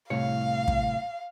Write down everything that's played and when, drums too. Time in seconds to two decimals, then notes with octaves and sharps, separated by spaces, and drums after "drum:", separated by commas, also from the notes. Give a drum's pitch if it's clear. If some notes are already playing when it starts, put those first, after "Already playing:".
0.10 C2 A2 C#5 F5
0.68 drum: kick